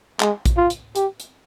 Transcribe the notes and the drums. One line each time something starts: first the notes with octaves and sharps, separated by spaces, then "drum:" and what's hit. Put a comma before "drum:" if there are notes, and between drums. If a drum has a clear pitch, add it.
G#3, drum: clap
drum: kick A#1, hi-hat
F4
drum: hi-hat
G4, drum: hi-hat
drum: hi-hat